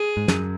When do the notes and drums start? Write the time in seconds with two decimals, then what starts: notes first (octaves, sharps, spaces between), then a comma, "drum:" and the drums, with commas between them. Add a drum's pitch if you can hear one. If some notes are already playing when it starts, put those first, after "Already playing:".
Already playing: G#4
0.17 G#2
0.28 F#2, drum: snare